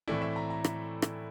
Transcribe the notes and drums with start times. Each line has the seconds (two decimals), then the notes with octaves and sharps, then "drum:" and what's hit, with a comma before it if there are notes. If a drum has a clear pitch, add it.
0.08 A2 E3 A3 C4 E4 D5
0.22 E5
0.36 A#5
0.50 A#5
0.64 drum: rim click
1.02 drum: rim click